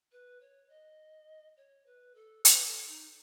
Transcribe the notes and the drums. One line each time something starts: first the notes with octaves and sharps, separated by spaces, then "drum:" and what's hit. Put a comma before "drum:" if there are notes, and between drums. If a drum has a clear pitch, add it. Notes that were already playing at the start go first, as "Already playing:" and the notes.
B4
C#5
D#5
C#5
B4
A4
B4, drum: hi-hat
A4
D#4